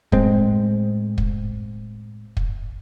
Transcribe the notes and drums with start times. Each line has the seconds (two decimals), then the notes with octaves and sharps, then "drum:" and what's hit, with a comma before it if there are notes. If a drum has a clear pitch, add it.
0.12 A2 G#3 C4, drum: kick
1.18 drum: kick
2.37 drum: kick